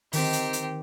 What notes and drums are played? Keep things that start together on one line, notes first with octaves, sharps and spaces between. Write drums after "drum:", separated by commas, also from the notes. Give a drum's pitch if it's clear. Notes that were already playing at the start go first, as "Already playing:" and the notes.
D#3 C4 G4, drum: open hi-hat
drum: hi-hat
drum: hi-hat